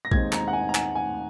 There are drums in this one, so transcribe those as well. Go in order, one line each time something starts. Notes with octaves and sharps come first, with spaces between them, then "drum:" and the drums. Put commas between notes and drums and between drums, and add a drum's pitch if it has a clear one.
A#6
D#2 D#3 G#3 C4 D#4 G#6, drum: kick
A#5, drum: clap
F#5
G#5
A#5
G#5, drum: clap
G#5